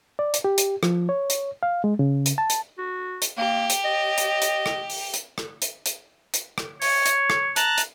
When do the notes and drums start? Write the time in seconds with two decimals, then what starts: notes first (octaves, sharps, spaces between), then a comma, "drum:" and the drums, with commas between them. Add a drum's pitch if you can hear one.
0.19 D5
0.34 drum: hi-hat
0.44 G4
0.58 drum: hi-hat
0.83 F3, drum: rim click
1.09 C#5
1.30 drum: hi-hat
1.63 F5
1.84 G#3
1.99 C#3
2.26 drum: hi-hat
2.38 A5
2.50 drum: hi-hat
2.78 F#4
3.22 drum: hi-hat
3.38 A#3 G4
3.70 drum: hi-hat
3.85 D#5
4.18 drum: hi-hat
4.42 drum: hi-hat
4.66 drum: rim click
4.90 drum: open hi-hat
5.14 drum: hi-hat
5.38 drum: rim click
5.62 drum: hi-hat
5.86 drum: hi-hat
6.34 drum: hi-hat
6.58 drum: rim click
6.82 C#5, drum: open hi-hat
7.06 drum: hi-hat
7.30 drum: rim click
7.56 A5 A#5 F#6, drum: hi-hat
7.78 drum: hi-hat